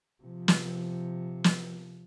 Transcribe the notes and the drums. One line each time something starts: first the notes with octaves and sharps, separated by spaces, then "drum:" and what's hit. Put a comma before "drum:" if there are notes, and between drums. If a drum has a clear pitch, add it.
C3 F3
drum: snare
drum: snare